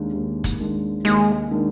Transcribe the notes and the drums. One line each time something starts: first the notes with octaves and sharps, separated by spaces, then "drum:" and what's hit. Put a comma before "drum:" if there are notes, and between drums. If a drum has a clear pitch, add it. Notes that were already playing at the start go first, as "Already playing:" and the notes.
Already playing: D#2 D#3 G#3 D4
D#2
drum: kick, hi-hat
D#3 G#3 D4
D#2 G#3, drum: hi-hat
D#3 G#3 D4